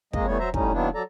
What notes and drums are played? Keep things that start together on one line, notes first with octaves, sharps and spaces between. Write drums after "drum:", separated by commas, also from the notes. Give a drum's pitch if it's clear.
F2 G#3 A#3 D#5, drum: kick
E3 G3 A3 B3 C#5
F#3 C5 E5 A#5
A2 G3 C#4 D#4, drum: kick
D#3 F#3 A#3 B3 D4 E4
F#3 A4 D5 A#5